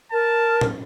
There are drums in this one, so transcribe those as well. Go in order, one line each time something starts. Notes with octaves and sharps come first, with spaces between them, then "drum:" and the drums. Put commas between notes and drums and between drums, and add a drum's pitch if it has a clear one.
A#4 A5
drum: tom A2